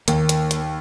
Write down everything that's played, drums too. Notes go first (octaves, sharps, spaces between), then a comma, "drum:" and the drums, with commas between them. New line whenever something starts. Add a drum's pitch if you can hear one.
D#2 A#3, drum: hi-hat
drum: hi-hat
drum: hi-hat